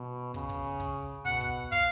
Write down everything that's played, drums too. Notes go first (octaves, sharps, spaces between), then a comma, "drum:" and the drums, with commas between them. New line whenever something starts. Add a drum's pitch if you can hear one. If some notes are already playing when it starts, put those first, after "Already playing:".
Already playing: B2
C#3, drum: kick
drum: kick
drum: kick
B2 F#5, drum: kick
drum: kick
F5, drum: kick